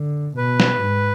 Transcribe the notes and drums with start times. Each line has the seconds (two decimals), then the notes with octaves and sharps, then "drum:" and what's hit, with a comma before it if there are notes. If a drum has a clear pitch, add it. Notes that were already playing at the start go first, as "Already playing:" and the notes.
Already playing: D3
0.37 B2 B4
0.60 drum: snare
0.82 G#2